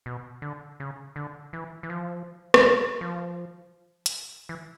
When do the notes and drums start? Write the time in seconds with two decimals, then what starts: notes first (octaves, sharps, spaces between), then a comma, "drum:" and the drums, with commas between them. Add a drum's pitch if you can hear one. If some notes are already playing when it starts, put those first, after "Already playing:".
0.06 B2
0.42 D3
0.80 C#3
1.16 D3
1.53 E3
1.83 E3
1.90 F3
2.54 drum: rim click
3.01 F3
4.06 drum: hi-hat
4.49 E3